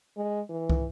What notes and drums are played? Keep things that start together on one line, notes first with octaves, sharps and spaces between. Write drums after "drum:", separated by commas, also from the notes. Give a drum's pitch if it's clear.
G#3
E3
drum: kick